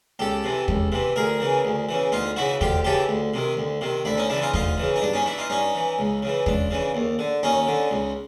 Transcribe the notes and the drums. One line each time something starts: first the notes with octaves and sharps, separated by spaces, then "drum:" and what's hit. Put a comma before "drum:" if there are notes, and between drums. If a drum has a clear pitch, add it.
C#2 G4 A4
C3 E3
C#2, drum: kick
C3 E3
D2 G#4 A#4
C#3 E3
D2
C#3 E3
D2 D#4 F4
C#3 E3 E4 F#4
D2 F4 G4, drum: kick
C#3 E3 G4 A4
D2
C3 D#3
D2
C3 D#3
D2 D4 E4
C#4 D#4
C#3 E3 D4 E4
D#4 F4
D2 D#4 F4, drum: kick
C#3 E3
D#4
G2 D4
C#4 D#4
E3 D4 E4
D#4 F4
G2 C#4 D#4
E3
C#2
C#3 E3
C#2 D4, drum: kick
C#3 E3
D#2
D3
D#2 C#4 D#4
D3
C#2